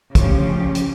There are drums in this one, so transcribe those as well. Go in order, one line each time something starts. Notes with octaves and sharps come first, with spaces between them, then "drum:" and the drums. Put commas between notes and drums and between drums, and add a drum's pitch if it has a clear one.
D2 C#3 F3 C#4 G4, drum: kick, hi-hat
drum: hi-hat